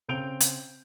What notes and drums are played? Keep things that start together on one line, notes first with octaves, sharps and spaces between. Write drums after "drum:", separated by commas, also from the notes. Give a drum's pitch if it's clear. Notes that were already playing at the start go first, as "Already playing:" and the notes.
C#3 C4 G6 D7 F7 G7
drum: hi-hat